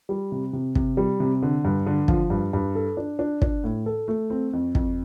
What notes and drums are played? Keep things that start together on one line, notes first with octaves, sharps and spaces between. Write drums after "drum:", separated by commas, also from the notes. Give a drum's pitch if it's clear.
G3
C3
C3
C3, drum: kick
G3
C3
D3
G2
D3
F3, drum: kick
G2
G2
A4
D4
D4
D4, drum: kick
A2
A4
A3
C4
F2
F2, drum: kick